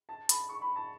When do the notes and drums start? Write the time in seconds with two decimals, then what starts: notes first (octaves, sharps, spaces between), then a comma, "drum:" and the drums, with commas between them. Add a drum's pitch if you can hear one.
0.09 A5
0.29 B5, drum: hi-hat
0.49 C#6
0.62 B5
0.76 A5